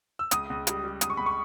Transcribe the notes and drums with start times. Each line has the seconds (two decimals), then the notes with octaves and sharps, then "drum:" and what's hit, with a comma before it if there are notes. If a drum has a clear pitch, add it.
0.19 E6
0.31 C#2 D#6, drum: hi-hat
0.50 C#2
0.67 G3, drum: hi-hat
0.84 G3
1.01 C#2 D#6, drum: hi-hat
1.10 C#6
1.17 C#2 B5
1.26 C#6